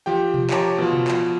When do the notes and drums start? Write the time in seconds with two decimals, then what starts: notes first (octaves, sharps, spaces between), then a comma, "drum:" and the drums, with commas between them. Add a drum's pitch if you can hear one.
0.06 F3 G4 G5
0.34 drum: tom B2
0.50 F3 G4 C#5 A5 A#5 D6, drum: clap
0.78 B2 F3
0.93 drum: tom B2
1.08 drum: clap